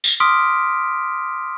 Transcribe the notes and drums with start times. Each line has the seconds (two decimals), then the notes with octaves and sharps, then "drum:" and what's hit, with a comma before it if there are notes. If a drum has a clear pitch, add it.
0.04 drum: tambourine
0.20 C6 D6 D#6 F6 B6 D7